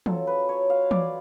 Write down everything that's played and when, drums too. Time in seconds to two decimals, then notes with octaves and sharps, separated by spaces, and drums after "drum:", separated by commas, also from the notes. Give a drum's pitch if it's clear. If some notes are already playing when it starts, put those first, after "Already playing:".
0.06 F#3 C#4 F4 A4, drum: tom E3
0.27 B4
0.49 C#5
0.70 F5
0.91 D5, drum: tom E3